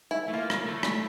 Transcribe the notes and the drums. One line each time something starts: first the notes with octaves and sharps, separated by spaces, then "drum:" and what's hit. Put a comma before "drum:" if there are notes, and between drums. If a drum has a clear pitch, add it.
E4
A3
A#3 F4
drum: rim click
A3
drum: rim click